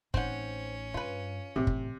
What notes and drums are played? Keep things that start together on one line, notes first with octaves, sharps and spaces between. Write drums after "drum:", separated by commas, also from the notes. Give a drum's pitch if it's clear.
A1 C4 C#4 D#4 F#5, drum: kick
G2 F4 B4
A1 C3
drum: kick